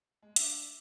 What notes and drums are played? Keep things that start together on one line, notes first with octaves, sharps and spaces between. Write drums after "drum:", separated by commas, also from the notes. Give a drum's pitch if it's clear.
G#3
D4 E5, drum: hi-hat